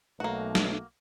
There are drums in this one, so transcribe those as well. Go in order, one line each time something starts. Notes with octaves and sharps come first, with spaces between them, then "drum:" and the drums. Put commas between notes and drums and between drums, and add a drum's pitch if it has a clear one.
B1 A3 A#3 F#4
drum: snare